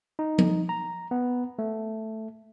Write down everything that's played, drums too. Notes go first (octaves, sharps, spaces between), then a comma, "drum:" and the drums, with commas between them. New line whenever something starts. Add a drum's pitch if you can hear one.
D#4
drum: tom F3
A#5
B3
A3